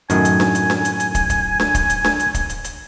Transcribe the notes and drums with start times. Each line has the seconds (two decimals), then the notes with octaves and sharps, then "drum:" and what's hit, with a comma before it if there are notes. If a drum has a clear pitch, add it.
0.10 F#2 A2 D#3 G#5, drum: hi-hat
0.25 drum: hi-hat
0.40 drum: snare D4
0.55 drum: hi-hat
0.70 drum: snare D4
0.85 drum: hi-hat
1.00 drum: hi-hat
1.15 drum: kick, hi-hat
1.30 drum: kick, hi-hat
1.60 drum: snare D4
1.75 drum: kick, hi-hat
1.89 drum: hi-hat
2.04 drum: snare D4
2.19 drum: hi-hat
2.34 drum: kick, hi-hat
2.49 drum: hi-hat
2.64 drum: hi-hat